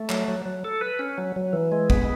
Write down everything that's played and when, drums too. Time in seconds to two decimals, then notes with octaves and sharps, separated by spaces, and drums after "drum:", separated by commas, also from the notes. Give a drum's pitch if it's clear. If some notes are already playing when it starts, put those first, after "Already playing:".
Already playing: A3
0.10 F#3, drum: clap
0.28 F#3
0.46 F#3
0.65 A4
0.81 B4
0.99 C#4
1.18 F#3
1.36 F#3
1.53 E3
1.72 G#3
1.90 B3, drum: kick